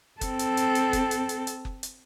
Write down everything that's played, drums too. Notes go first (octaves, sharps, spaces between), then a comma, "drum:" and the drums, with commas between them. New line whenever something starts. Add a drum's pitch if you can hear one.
C4 A4, drum: kick F#1, hi-hat
drum: hi-hat
drum: hi-hat
drum: hi-hat
drum: kick F#1, hi-hat
drum: hi-hat
drum: hi-hat
drum: hi-hat
drum: kick F#1
drum: hi-hat